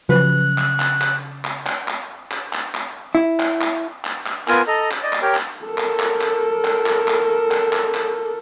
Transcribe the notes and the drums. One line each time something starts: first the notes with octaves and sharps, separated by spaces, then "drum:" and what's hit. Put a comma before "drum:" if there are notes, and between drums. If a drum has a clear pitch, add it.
C#3 F3 F#3 B4 F#6
drum: clap
drum: clap
drum: clap
drum: clap
drum: clap
drum: clap
drum: clap
drum: clap
drum: clap
E4
drum: clap
drum: clap
drum: clap
drum: clap
B3 F4 A#4 G#5, drum: clap
A4 D#5 A#5
drum: clap
D5 D#5
drum: clap
G4 A#4 C#5 G5
drum: clap
A4 A#4
drum: clap
drum: clap
drum: clap
drum: clap
drum: clap
drum: clap
drum: clap
drum: clap
drum: clap